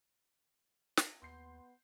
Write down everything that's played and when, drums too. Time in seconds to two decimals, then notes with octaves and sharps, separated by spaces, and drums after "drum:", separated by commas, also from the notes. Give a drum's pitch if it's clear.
0.97 drum: snare
1.22 D#2 B3 C6 G6 C7